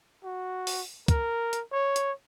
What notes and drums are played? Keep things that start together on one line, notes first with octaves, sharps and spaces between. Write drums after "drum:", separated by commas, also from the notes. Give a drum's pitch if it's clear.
F#4
drum: open hi-hat
A#4, drum: kick, hi-hat
drum: hi-hat
C#5
drum: hi-hat